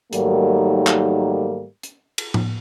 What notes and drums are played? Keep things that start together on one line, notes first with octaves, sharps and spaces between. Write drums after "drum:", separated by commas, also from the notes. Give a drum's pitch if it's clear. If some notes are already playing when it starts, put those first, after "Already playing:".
G#2 D#3 F#3 G3 A3 A#3, drum: hi-hat
drum: clap
drum: hi-hat
drum: cymbal
drum: tom